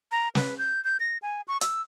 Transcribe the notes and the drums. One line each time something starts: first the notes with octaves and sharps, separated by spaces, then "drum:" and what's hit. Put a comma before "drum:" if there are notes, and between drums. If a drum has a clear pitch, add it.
A#5
B4, drum: snare
G6
G6
A#6
G#5
C#6
E6, drum: hi-hat